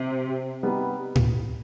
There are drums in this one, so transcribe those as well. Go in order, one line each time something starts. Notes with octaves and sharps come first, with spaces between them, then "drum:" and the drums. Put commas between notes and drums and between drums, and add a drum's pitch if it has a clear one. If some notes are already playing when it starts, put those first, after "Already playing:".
Already playing: C3
G3 B3 D#4
drum: tom A2